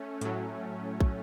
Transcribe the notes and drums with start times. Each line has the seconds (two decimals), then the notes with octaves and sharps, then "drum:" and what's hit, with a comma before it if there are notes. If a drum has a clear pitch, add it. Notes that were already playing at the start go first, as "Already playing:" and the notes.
Already playing: A3 C#4
0.21 A2 F#3, drum: hi-hat
1.00 drum: kick